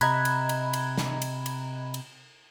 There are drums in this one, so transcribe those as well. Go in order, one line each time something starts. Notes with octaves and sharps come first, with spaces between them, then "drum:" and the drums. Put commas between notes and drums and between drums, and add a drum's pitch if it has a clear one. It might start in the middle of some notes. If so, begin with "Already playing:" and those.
C3 D#5 A#5 B5 F#6 G#6, drum: cymbal
drum: cymbal
drum: cymbal
drum: cymbal
drum: snare
drum: cymbal
drum: cymbal
drum: cymbal